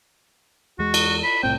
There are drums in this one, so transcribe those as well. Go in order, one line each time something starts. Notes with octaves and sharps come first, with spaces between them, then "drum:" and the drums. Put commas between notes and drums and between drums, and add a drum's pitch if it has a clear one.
E2 G#3 F#4
drum: cymbal
B5
C2 A2 C4 G5